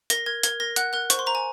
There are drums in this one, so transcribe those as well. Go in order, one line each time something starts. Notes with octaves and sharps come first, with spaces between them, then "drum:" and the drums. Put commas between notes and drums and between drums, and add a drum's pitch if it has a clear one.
A#4 A#6, drum: hi-hat
A#4 G#6
A#4 G#6, drum: hi-hat
A#4 A#6
F#5 F#6, drum: hi-hat
A#4 F#6
C5 C#6, drum: hi-hat
C6
C5 A#5
G#5